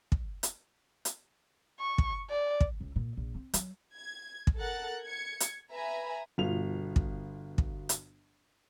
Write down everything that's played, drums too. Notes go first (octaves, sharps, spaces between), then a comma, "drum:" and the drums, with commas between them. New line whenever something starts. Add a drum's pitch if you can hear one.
drum: kick
drum: hi-hat
drum: hi-hat
C#6
drum: kick
D5
drum: kick
C#2
A#2
A#1
C4
F#3, drum: hi-hat
G#6
drum: kick
A4 A#4 F#5 F#6 A6
G#6 C#7
drum: hi-hat
B4 E5 G#5 A#5 B5
G1 B2 F4 F7
drum: kick
drum: kick
drum: hi-hat